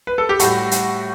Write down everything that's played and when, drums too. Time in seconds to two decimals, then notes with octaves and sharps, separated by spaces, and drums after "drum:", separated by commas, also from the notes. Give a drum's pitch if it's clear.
0.07 B4
0.18 A4
0.29 G4
0.39 A2 G3 F#4, drum: hi-hat
0.71 drum: hi-hat